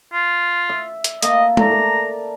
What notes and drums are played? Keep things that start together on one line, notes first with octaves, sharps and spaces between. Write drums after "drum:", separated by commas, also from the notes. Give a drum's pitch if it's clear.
F4
E5
drum: hi-hat
A#3 D#5 A5, drum: hi-hat
A3 D5 A#5, drum: tom G#3
A#4 A5